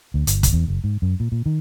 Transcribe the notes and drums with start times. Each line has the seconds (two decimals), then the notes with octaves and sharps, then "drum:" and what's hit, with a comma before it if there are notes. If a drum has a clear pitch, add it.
0.14 D2
0.27 G1, drum: hi-hat
0.43 drum: kick, hi-hat
0.53 E2
0.68 F#1
0.84 G#2
1.02 F#2
1.20 A#2
1.32 A#2
1.46 D#3